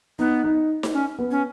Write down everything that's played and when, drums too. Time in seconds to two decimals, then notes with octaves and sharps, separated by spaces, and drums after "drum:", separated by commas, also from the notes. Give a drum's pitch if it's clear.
0.19 B3 D#4
0.44 D#4
0.83 drum: snare D#4
0.94 C#4
1.19 B3
1.31 C#4